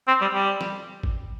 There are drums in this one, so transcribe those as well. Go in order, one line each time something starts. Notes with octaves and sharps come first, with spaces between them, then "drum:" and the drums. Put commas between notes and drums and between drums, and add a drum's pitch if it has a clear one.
C4
G3
G3
drum: snare
drum: kick G#1